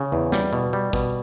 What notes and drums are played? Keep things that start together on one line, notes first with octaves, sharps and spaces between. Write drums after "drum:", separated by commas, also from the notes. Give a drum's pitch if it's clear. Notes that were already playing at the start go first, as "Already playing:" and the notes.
Already playing: C#3
E2
G3, drum: snare
B2
G3
B2, drum: kick